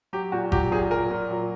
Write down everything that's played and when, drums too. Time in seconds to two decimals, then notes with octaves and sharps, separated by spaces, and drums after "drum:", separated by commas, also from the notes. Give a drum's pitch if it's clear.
0.13 F#3 G4
0.32 A#2 F#4
0.52 F#3 G4, drum: kick G1
0.71 A#2 G#4
0.90 F#3 A#4
1.11 A#2
1.31 F#3